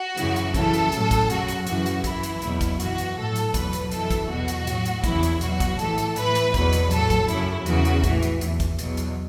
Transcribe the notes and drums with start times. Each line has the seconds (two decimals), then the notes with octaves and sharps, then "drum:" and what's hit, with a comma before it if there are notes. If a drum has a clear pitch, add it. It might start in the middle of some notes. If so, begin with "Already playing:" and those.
Already playing: F#4
0.17 F#2 C#3 E3, drum: hi-hat
0.36 drum: hi-hat
0.54 F#2 C#3 E3 A4, drum: kick, hi-hat
0.74 drum: hi-hat
0.92 A2 F#3, drum: hi-hat
1.11 drum: kick, hi-hat
1.30 F#2 C#3 F#3 F#4, drum: hi-hat
1.48 drum: hi-hat
1.67 F#2 C#3 E3 F#4, drum: hi-hat
1.86 drum: hi-hat
2.04 F#2 E3 E4, drum: kick, hi-hat
2.23 drum: hi-hat
2.42 E2 B2 F#3, drum: hi-hat
2.61 drum: kick, hi-hat
2.80 F#2 E3 F#4, drum: hi-hat
2.98 drum: hi-hat
3.17 A2 F#3 A4
3.36 drum: hi-hat
3.54 E2 B2 F#3 B4, drum: kick, hi-hat
3.73 drum: hi-hat
3.91 F#2 E3 A4, drum: hi-hat
4.11 drum: kick, hi-hat
4.29 E2 B2 F#3 F#4
4.48 drum: hi-hat
4.67 A2 F#3, drum: hi-hat
4.85 drum: hi-hat
5.04 E2 C#3 E3 E4, drum: kick, hi-hat
5.23 drum: hi-hat
5.41 E2 B2 F#3 F#4, drum: hi-hat
5.60 drum: kick, hi-hat
5.79 A2 E3 A4, drum: hi-hat
5.98 drum: hi-hat
6.16 A2 E3 B4, drum: hi-hat
6.35 drum: hi-hat
6.54 E2 B2 F#3 B4, drum: kick, hi-hat
6.73 drum: hi-hat
6.91 A2 F#3 A4, drum: hi-hat
7.10 drum: kick, hi-hat
7.28 F#2 C#3 F#3 E4, drum: hi-hat
7.66 E2 C#3 E3 F#4, drum: hi-hat
7.85 drum: hi-hat
8.04 A2 E3, drum: kick, hi-hat
8.22 drum: hi-hat
8.41 E2 E3, drum: hi-hat
8.60 drum: kick, hi-hat
8.79 E2 B2 F#3, drum: hi-hat
8.97 drum: hi-hat